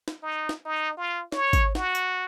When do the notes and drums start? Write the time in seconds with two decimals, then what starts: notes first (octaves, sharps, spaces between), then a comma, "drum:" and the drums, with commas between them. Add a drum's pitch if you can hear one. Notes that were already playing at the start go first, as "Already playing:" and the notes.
0.08 drum: snare
0.23 D#4
0.49 drum: snare
0.65 D#4
0.97 F4
1.32 C#5, drum: snare
1.53 drum: kick G#1, tambourine
1.75 F#4, drum: snare
1.95 drum: tambourine